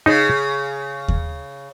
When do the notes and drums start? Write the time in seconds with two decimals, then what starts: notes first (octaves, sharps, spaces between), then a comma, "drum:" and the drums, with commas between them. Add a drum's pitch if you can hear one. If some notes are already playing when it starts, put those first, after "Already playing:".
0.06 C#3 D#4
1.08 drum: kick D#2